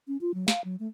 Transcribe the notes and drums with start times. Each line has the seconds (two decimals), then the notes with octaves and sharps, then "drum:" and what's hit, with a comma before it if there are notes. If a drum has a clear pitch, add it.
0.08 C#4
0.21 F4
0.34 F#3
0.48 F5, drum: snare
0.64 F#3
0.80 A3